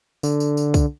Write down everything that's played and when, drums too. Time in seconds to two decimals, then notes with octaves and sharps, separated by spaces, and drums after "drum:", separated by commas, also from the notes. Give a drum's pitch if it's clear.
0.23 D3, drum: tambourine
0.40 drum: tambourine
0.57 drum: tambourine
0.74 drum: kick C2, tambourine